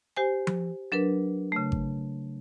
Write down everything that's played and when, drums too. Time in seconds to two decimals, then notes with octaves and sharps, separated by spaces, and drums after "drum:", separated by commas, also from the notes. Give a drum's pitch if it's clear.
0.16 G4 C5 G#5
0.47 drum: tom F3
0.92 F#3 D4 A#4 B4
1.52 C#3 A3
1.72 drum: kick G#1